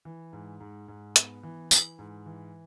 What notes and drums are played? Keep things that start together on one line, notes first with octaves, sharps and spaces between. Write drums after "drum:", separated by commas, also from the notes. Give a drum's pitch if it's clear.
E3
G#2
G#2
G#2
B3, drum: hi-hat
E3
E3, drum: tambourine
G#2
E3